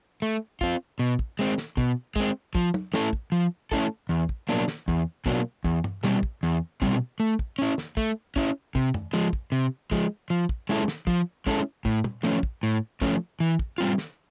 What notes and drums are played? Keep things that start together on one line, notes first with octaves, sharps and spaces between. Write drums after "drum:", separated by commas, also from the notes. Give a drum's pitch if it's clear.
A3
C4 F4, drum: kick
B2
drum: kick
G#3 C4
drum: snare
B2, drum: kick
G#3 C4, drum: kick
F3, drum: kick
drum: tom
A3 C#4 E4 A4, drum: snare
drum: kick
F3
A3 C#4 E4 A4, drum: kick
E2
drum: kick
B2 F#3 A#3 D4
drum: snare
E2, drum: kick
B2 F#3 A#3 D4, drum: kick
E2, drum: kick
drum: tom
B2 G3 C4, drum: snare
drum: kick
E2
B2 G3 C4, drum: kick
A3
drum: kick
C#4 E4
drum: snare
A3, drum: kick
C#4 E4, drum: kick
C3, drum: kick
drum: tom F#2
F3 G#3, drum: snare
drum: kick
C3
F3 G#3, drum: kick
F3
drum: kick
G#3 C#4 E4 A4
drum: snare
F3, drum: kick
G#3 C#4 E4 A4, drum: kick
A2, drum: kick
drum: tom
F3 A3 C#4, drum: snare
drum: kick
A2
F3 A3 C#4, drum: kick
E3
drum: kick
G3 C4 F4
drum: snare